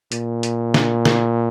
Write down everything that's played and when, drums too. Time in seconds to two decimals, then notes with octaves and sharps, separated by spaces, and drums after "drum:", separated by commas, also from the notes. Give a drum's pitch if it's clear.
0.12 A#2, drum: hi-hat
0.43 drum: hi-hat
0.74 drum: snare
1.05 drum: snare